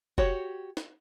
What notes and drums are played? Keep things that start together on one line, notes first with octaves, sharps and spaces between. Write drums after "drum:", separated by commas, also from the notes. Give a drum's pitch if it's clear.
F#4 G4 C#5, drum: kick F1
drum: snare